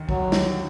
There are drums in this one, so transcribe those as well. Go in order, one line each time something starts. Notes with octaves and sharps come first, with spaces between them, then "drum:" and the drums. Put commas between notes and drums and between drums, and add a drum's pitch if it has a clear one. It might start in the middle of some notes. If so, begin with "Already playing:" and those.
Already playing: D#2 D3 D#3
F#3, drum: kick B1
drum: snare